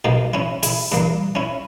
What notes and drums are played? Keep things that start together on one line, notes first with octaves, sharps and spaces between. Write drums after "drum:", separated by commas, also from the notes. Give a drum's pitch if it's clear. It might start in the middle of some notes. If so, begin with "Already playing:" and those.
B1 B2 A#3 D#4
C#4 E4
E4 G#4, drum: open hi-hat
G2 E3 A#3
C#4 E4